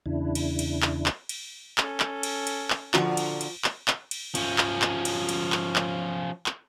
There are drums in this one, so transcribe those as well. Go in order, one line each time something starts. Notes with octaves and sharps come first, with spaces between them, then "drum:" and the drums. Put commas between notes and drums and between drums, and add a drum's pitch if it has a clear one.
E2 C#3 D4 E4
drum: cymbal
drum: cymbal
drum: clap
drum: clap
drum: cymbal
C#4 A4, drum: clap
drum: clap
drum: cymbal
drum: cymbal
drum: clap
A#2 D3 F3 D#4 F#4, drum: clap
drum: cymbal
drum: cymbal
drum: clap
drum: clap
drum: cymbal
F3 C#4, drum: cymbal
drum: clap
drum: clap
drum: cymbal
drum: cymbal
drum: clap
drum: clap
drum: clap